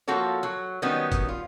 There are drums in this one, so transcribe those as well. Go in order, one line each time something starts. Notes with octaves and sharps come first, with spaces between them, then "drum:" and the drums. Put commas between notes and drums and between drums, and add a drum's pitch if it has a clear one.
F3 A#3 F#4 A4 C#5
F#3
D#3 F#3 G3 B3 C#4
drum: kick, hi-hat
F4